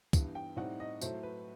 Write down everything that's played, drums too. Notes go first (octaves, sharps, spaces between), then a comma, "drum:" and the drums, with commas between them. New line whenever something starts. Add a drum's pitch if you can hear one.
G2 E3 B3, drum: kick, tambourine
G5
A2 G3 C4 D#4 F#5
D#5
A2 F#3 A3 C5, drum: tambourine
B4